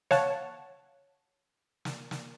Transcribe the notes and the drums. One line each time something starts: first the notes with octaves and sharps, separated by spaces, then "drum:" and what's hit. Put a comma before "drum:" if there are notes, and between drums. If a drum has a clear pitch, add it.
C#5 F5 F#5 A5, drum: snare
drum: snare
drum: snare